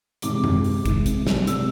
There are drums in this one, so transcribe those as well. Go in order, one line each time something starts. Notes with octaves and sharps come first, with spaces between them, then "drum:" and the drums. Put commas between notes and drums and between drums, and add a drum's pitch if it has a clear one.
C3 E3 G#3 D6, drum: hi-hat
drum: tom F#2
drum: open hi-hat
C3 E3 G#3, drum: kick, hi-hat
drum: hi-hat
drum: snare
C3 G#3 E6, drum: hi-hat